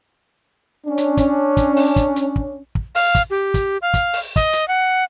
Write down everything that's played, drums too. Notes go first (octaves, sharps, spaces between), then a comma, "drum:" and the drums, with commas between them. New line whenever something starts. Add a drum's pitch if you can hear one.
C#4 D4
drum: hi-hat
drum: kick, hi-hat
drum: kick, hi-hat
drum: open hi-hat
drum: kick, hi-hat
drum: hi-hat
drum: kick
drum: kick
F5, drum: open hi-hat
drum: kick, hi-hat
G4
drum: kick, hi-hat
F5
drum: kick, hi-hat
drum: open hi-hat
D#5, drum: kick, hi-hat
drum: hi-hat
F#5